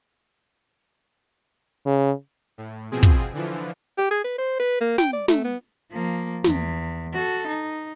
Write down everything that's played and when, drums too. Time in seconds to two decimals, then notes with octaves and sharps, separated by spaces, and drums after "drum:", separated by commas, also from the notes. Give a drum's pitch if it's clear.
1.86 C#3
2.58 A2
2.91 B2 F3 C4 G#4
3.03 drum: kick
3.34 D3 E3 F3
3.98 G4
4.11 G#4
4.24 B4
4.39 C5
4.60 B4
4.81 A#3
4.98 G5, drum: snare
5.13 D5
5.28 A3, drum: snare
5.45 B3
5.92 F3 A#3
6.44 E2, drum: snare
7.14 F#4 A4
7.48 D#4